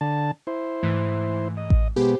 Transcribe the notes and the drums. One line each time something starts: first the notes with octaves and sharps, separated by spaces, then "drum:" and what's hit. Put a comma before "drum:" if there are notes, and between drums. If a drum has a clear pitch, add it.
D3 A5
E4 C5
G#2 E3 A3
D#5
drum: kick A1
B2 G#3 B3 G4 C5